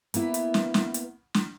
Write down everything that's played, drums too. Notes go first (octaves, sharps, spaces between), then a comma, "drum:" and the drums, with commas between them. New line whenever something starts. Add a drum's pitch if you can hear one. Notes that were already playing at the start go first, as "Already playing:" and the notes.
A#3 B3 E4 B4, drum: hi-hat
drum: hi-hat
drum: snare
drum: snare
drum: hi-hat
drum: snare